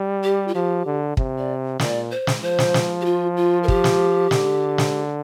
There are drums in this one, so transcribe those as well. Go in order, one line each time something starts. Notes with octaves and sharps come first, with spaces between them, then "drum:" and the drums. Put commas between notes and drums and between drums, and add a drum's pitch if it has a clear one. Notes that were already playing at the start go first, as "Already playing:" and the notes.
Already playing: G3
G4
F4
F3 G4
D3
C3, drum: kick
D5
A#2 D5, drum: snare
C5
drum: snare
F3 C5
drum: snare
drum: snare
G4
F4
F4
A#4
G4, drum: kick
drum: snare
D3, drum: snare
drum: snare